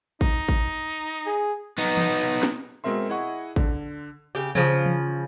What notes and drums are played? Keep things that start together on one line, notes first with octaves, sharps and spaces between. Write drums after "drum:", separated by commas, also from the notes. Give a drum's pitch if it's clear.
D#4, drum: kick
drum: kick
G#4
B3 D#4
drum: tom E3
drum: snare
B2 G#3 C4 A#4 E5 C6
E4 G#4 D#5 F#5 C#6
D3, drum: kick
C#3 G4
C#3 F3, drum: tom E3
drum: tom E3